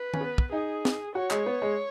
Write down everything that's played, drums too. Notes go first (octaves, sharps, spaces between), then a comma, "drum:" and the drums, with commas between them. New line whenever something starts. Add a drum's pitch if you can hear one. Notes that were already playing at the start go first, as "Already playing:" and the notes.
Already playing: B4
C#4, drum: tom D#3
B3
drum: kick
D#4 G#4
drum: snare
F#4 C#5
G#3, drum: clap
B3
G#3